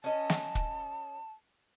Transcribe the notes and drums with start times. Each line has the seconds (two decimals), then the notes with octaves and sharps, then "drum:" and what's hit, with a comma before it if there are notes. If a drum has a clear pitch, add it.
0.04 C#4 D#5 A5
0.30 drum: snare
0.55 drum: kick